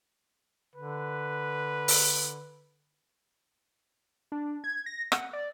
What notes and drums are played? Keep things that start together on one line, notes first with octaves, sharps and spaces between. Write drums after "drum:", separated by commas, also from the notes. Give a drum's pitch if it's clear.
D3 B4
drum: open hi-hat
D4
G#6
A#6
F#5, drum: rim click
D5